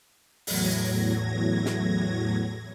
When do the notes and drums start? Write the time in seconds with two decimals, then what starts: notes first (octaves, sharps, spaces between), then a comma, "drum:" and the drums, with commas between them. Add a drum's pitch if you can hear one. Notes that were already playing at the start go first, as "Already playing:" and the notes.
0.47 E2 A2 F#3 G#6 A#6, drum: open hi-hat
1.66 drum: snare